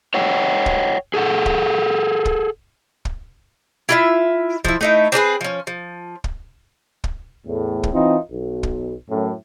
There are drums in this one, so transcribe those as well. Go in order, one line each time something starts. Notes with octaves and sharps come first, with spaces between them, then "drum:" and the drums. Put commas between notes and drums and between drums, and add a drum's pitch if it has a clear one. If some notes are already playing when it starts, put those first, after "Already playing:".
C#5 D#5 F#5 G5
drum: kick
G#4 A4 F#5
drum: kick
drum: kick
drum: kick
E4 F4 E5
F3 E4, drum: kick
A3 D#4 E4
C4 D4 G#4 B4
F3 C#4
F3
drum: kick
drum: kick
E2 A2
drum: kick
E3 C4 D#4 F4
B1
drum: kick
F#2 A2